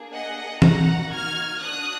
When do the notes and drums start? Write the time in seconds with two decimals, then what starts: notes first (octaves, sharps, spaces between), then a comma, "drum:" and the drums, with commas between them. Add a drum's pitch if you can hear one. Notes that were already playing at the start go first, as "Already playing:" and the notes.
Already playing: A#3 D4 G#4
0.12 D#5 F#5
0.62 A#3 D#4 F#4 F#5 A#5, drum: tom E3
1.12 F6 G#6
1.61 D4 F#4 D#6 F#6